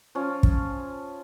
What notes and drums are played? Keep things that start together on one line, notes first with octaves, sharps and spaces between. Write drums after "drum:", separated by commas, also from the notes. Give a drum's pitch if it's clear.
F3 C#4
drum: kick